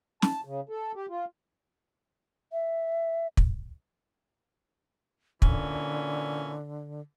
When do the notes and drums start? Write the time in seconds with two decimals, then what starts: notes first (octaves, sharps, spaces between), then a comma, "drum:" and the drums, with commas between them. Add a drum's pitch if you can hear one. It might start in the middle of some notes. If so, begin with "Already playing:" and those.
0.22 A5, drum: snare
0.45 C#3
0.69 A4
0.96 G4
1.09 F4
2.52 E5
3.37 drum: kick
5.42 A#2 D3 E3 C#4, drum: kick